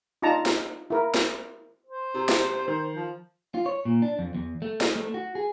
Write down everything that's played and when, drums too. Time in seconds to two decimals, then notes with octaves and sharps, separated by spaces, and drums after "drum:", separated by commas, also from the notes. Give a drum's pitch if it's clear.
0.22 D4 D#4 F4 A5 A#5
0.46 drum: snare
0.90 E4 A#4
1.14 drum: snare
1.86 C5
2.14 C3
2.29 drum: snare
2.68 D#3 C5
2.93 F3
3.55 F4
3.66 C#5
3.85 A#2
4.02 D4
4.19 F2
4.35 E2
4.62 A3
4.81 D#5, drum: snare
4.96 A3
5.14 F#4
5.35 G#4